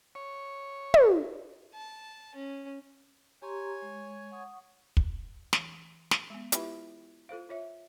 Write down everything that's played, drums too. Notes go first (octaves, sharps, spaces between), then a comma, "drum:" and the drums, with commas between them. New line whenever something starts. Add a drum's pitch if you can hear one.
C#5
drum: tom
A5
C#4
G4 C#5 G#5 A#5 C6
G#3
F#5 C#6 D#6
drum: kick
E3, drum: snare
drum: snare
G#3 B3
E4 F4 G4 B4 E5 B5, drum: hi-hat
F4 A4 C5 F5
F4 C#5 E5